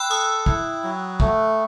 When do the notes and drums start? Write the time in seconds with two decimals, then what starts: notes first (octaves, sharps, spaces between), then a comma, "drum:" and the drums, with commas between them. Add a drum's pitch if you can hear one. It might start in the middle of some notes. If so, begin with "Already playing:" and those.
Already playing: G5 B5 E6 F#6
0.10 A4 D#6
0.46 E4, drum: kick
0.83 F#3
1.20 A3, drum: kick